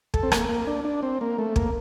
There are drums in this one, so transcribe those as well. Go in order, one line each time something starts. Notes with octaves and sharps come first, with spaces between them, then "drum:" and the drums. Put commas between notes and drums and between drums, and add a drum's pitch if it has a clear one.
A4, drum: kick
C4
A#3, drum: rim click
A#3
D4
D4
C4
A#3
A3
A#3, drum: kick